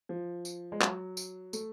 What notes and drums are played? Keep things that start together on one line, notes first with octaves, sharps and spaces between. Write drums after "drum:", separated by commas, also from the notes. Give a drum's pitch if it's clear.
F3
drum: tambourine
G#3
F#3, drum: clap
drum: tambourine
A3, drum: tambourine